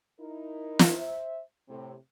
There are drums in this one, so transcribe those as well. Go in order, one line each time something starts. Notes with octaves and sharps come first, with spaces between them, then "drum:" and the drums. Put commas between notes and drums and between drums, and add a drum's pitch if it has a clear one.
D#4 E4 A#4
drum: snare
C5 E5
A2 C3